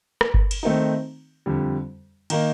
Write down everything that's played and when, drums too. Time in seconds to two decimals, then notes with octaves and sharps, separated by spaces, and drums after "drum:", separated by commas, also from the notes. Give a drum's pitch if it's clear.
0.21 drum: rim click
0.34 drum: kick G1
0.51 drum: cymbal
0.63 D#3 A3 C4 D#4
1.46 F2 D3 G3
2.30 D#3 A#3 D#4, drum: cymbal